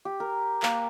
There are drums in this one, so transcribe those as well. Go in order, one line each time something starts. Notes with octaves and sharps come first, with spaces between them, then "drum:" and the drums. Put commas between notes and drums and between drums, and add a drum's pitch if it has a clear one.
G4
A#4
A#3, drum: clap